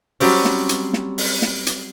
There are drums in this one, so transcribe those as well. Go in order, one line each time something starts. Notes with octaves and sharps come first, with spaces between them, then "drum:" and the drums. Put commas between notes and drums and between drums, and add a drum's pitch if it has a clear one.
F#3 G3 C4 C#4, drum: open hi-hat
drum: snare
drum: hi-hat
drum: snare
drum: open hi-hat
drum: snare
drum: hi-hat